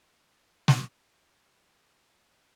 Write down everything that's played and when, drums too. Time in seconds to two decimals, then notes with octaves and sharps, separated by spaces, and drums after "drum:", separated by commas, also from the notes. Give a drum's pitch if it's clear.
0.01 B4 E5
0.68 drum: snare